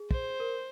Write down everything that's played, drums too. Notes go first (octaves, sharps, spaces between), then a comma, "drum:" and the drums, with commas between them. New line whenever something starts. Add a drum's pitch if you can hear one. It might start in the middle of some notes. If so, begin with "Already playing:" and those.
Already playing: G#4
C5, drum: kick
A#4